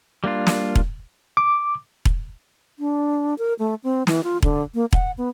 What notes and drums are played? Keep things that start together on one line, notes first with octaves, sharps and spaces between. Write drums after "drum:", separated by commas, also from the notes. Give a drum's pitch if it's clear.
G3 A#3 D4 F4
drum: snare
drum: kick E1
D6
drum: kick E1
D4
A#4
A3
C4
E3, drum: snare
F4
D3, drum: kick E1
A#3
F#5, drum: kick E1
B3